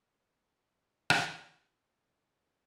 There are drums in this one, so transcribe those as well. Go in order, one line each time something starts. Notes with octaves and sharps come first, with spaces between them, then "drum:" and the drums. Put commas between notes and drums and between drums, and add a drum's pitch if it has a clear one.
drum: rim click
F#5